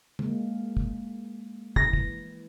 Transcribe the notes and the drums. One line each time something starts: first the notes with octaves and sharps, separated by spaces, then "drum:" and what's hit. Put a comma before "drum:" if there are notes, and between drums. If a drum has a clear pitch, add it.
G#3 A#3, drum: tom
drum: kick
E3 A#6, drum: kick
drum: kick